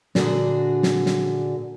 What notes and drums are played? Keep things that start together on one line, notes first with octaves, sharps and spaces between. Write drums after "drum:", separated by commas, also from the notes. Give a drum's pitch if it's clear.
A#2 D3 D4 F#4 G#4, drum: snare
drum: snare
drum: snare